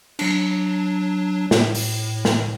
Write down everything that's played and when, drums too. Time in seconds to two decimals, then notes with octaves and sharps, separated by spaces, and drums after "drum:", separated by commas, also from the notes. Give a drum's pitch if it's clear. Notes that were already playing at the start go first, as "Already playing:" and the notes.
0.19 F#3 D4, drum: cymbal
1.51 A2, drum: snare
1.75 drum: open hi-hat
2.25 drum: snare